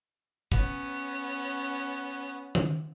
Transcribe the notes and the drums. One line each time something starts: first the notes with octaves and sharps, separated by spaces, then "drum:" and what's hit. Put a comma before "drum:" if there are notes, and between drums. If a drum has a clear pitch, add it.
B3 C#4, drum: kick
drum: tom